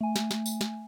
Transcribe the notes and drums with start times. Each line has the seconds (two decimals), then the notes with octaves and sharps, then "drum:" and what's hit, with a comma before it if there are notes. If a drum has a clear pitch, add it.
0.01 A3 G#5
0.16 drum: snare
0.31 drum: snare
0.46 drum: tambourine
0.61 drum: snare